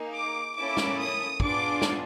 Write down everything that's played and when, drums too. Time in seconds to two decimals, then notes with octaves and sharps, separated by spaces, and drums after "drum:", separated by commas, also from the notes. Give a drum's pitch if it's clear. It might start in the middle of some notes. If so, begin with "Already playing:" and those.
Already playing: A#3 D#4 G#4
0.14 D6
0.56 A#3 C#4 E4 A4 D6
0.77 drum: snare
0.98 D#6
1.40 B3 D4 F4 G#4 D6, drum: kick
1.82 drum: snare